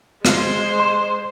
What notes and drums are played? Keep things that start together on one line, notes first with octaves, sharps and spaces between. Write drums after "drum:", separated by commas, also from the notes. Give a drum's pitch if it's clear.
G#3 C5, drum: rim click
C6